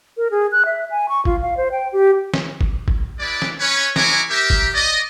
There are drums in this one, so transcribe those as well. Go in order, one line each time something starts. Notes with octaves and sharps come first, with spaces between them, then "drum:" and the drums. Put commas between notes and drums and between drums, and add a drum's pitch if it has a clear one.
A#4
G#4
F#6
E5
G#5
C#6
F4, drum: kick
F5
C5
G5
G4
drum: snare
drum: kick
drum: kick
G#3 E4 B4 D5
drum: snare
C#4 B4 C#5
G#3 E4 G#5 A#5 C#6 D6, drum: snare
G4 A#4 E5
drum: kick
D5 D#5